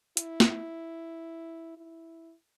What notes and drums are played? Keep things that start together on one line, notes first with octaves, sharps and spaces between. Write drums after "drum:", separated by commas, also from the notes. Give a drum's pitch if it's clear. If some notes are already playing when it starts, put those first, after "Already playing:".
E4, drum: hi-hat
drum: snare
E4